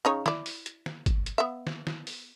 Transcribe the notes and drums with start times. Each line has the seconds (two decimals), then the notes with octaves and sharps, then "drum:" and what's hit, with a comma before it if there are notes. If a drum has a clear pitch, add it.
0.05 C#3 D#4 C#5
0.26 E4 D5, drum: snare
0.46 drum: open hi-hat
0.66 drum: hi-hat
0.86 drum: snare
1.06 drum: kick, hi-hat
1.26 drum: hi-hat
1.38 B3 E5
1.67 drum: snare
1.87 drum: snare
2.07 drum: open hi-hat